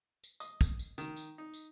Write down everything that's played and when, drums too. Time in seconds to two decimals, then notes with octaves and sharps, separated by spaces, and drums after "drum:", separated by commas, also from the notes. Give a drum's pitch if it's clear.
0.24 drum: tambourine
0.40 D#5, drum: tambourine
0.61 drum: kick, tambourine
0.79 drum: tambourine
0.98 D#3, drum: tambourine
1.16 drum: tambourine
1.38 D#4
1.54 drum: tambourine